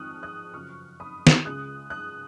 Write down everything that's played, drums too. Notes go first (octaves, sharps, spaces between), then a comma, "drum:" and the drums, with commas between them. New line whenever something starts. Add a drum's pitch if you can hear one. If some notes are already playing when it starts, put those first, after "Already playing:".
Already playing: F2 D#3 G#3 C#6 D#6 F6 F#6
D#6 F#6
F#2 C#3 F3 C#6 F6
B5 D#6
drum: snare
C#2 C#3 G#3 D#6 F#6
D#6 F#6